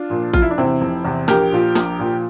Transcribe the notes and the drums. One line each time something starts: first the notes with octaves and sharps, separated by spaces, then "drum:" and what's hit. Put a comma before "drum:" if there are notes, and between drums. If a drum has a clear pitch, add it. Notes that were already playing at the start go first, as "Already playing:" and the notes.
Already playing: D4 F4
A#2 F3
F1 F4, drum: kick A1
E4
D4
E2 C3 C4 E4
F1
E2 C3
A#1 G4 A#4, drum: snare
A#2 F3
A#1, drum: snare
A#2 F3